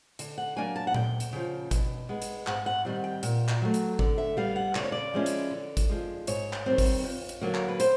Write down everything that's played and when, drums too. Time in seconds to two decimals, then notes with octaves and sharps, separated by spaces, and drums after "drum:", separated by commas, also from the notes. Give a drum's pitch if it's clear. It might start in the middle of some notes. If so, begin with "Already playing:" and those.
0.19 D3, drum: hi-hat
0.38 F#5
0.56 F#3 A#3 D4 G#5
0.76 A5
0.87 F#5
0.94 D2 G5, drum: tom A#2
1.20 drum: hi-hat
1.33 C#3 F3
1.71 B2, drum: kick G#1, hi-hat
2.09 G#3 B3
2.22 drum: hi-hat
2.47 G#2 F#5, drum: clap
2.66 F#5
2.85 D#3 G3 C4 F#5
3.04 G5
3.23 A#2, drum: hi-hat
3.48 drum: clap
3.62 F#3 A3
3.74 drum: hi-hat
3.99 D3, drum: kick G#1
4.18 E5
4.37 G3 B3 F5
4.56 F#5
4.75 C#3 D5, drum: clap
4.84 C#5
4.92 D5
5.14 F3 G#3 C#4 E4
5.26 drum: hi-hat
5.51 D3
5.77 drum: kick G#1, hi-hat
5.89 F3 G#3
6.27 G#2 C#5, drum: hi-hat
6.53 drum: clap
6.66 D#3 G3 C4
6.78 drum: kick G#1, open hi-hat
7.04 F2
7.29 drum: hi-hat
7.41 D3 F#3 A#3
7.54 drum: clap
7.68 B4
7.80 C5, drum: hi-hat